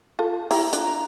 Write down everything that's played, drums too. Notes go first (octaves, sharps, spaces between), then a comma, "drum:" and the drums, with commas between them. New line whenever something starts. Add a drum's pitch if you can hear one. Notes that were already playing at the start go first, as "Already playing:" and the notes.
F4 A4
E4 G4 A#5, drum: open hi-hat
D4 F4, drum: hi-hat
A#5